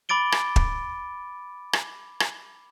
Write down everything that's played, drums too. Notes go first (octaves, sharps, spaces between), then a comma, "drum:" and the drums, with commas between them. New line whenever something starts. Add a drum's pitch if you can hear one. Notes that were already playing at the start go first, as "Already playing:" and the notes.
B5 D6 A6 D7 G7
drum: rim click
drum: kick
drum: rim click
drum: rim click